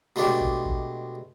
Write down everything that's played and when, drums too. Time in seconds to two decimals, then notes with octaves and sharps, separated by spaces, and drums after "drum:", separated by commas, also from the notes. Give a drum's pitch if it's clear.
0.16 B2 G#3 A3 D4 G4
0.41 drum: kick
0.65 drum: kick